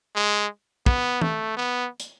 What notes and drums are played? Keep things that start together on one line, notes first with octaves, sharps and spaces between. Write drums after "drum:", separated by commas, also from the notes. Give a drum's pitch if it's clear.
G#3
B3, drum: kick
A3, drum: tom
B3
drum: hi-hat